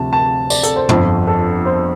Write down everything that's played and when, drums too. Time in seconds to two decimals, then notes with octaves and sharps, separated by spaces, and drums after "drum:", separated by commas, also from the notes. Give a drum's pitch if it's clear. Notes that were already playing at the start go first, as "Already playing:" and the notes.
Already playing: D2 C3 F3 A5
0.13 A5
0.50 D5, drum: tambourine
0.63 A4, drum: hi-hat
0.76 C5
0.89 G1 F2 F3, drum: tom
1.27 A4
1.66 C5